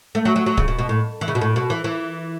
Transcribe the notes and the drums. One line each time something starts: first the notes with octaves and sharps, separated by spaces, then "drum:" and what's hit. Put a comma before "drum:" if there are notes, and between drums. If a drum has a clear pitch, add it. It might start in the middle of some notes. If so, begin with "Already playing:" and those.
A3
F#3
F#3
F#3
C#3, drum: kick D1
B2
B2
A2
E3
C#3
B2
A2
B2
E3
E3